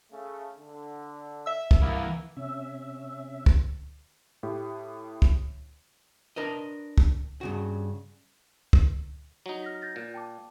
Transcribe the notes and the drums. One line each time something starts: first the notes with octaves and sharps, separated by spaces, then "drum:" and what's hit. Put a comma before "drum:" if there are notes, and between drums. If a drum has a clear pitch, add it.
C#3 A3
D3
E5 E6
drum: kick
C2 E3 A#3 B3 E4
C3 C#4 E5
drum: kick
A2 G4
drum: kick
D4 A#4 B4 D#5
drum: kick
G2 C#3 F#4
drum: kick
F#3 D#4
F6 A#6 B6
G6 A6 A#6
A#2
G5 A5 D6